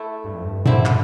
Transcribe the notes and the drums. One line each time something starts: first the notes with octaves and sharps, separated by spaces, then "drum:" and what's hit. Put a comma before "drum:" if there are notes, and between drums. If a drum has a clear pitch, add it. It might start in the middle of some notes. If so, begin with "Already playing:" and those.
Already playing: A3 E4 A4
G2
F2
G2
D3 G3 C4 E4, drum: tom A#2
drum: clap